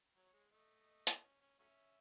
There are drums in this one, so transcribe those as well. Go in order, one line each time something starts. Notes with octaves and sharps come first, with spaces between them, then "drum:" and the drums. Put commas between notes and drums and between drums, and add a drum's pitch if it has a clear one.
F#3 C#5
G#3
A3 D#5
drum: hi-hat
C#4
C#4
F#3 A3 C#4 E5